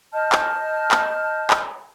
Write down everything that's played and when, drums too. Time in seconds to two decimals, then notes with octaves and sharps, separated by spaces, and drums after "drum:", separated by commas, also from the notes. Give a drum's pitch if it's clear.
0.13 D#5 A5 F6 G6
0.32 drum: clap
0.91 drum: clap
1.50 drum: clap